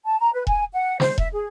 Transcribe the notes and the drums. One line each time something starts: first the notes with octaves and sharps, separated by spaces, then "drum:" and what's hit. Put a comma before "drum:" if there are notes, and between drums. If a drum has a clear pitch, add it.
A5
A#5
B4
G#5, drum: kick E1
F#5
C5, drum: snare
E5, drum: kick E1
G#4